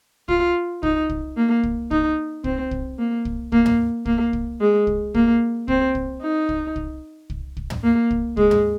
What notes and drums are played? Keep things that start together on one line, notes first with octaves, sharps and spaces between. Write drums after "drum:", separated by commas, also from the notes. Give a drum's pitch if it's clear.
F4, drum: kick
D#4, drum: kick
drum: kick
A#3
drum: kick
D#4, drum: kick
C4, drum: kick
drum: kick
A#3
drum: kick
A#3, drum: kick
drum: tom
A#3, drum: kick
drum: kick
G#3
drum: kick
A#3, drum: kick
C4, drum: kick
drum: kick
D#4
drum: kick
drum: kick
drum: kick
drum: kick
drum: tom
A#3
drum: kick
G#3, drum: kick
drum: tom